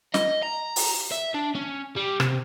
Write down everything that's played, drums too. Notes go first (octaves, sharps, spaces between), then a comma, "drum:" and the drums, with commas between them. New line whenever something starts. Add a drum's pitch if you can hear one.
D#5, drum: snare
A#5
drum: open hi-hat
E5
D4
C#4
G3
C3, drum: rim click